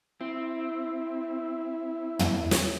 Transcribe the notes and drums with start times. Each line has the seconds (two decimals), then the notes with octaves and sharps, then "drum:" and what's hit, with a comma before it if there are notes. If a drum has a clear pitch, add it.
0.21 C4 E4
2.19 drum: tom
2.51 drum: snare